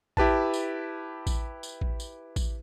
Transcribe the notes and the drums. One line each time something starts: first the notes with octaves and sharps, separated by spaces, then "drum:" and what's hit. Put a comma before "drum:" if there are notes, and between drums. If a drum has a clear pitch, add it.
E4 G4 B4 A5, drum: kick A1
drum: tambourine
drum: kick A1, tambourine
drum: tambourine
drum: kick A1
drum: tambourine
drum: kick A1, tambourine